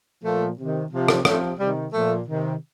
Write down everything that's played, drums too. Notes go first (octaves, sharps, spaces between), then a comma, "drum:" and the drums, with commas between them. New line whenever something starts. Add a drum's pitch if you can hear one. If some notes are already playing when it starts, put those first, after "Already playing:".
A#2 F3 A3
C3 D#3
C3 F3
drum: rim click
C3 F3 A3, drum: rim click
C3 D#3 G3
A#2 F3 A3
C3 D#3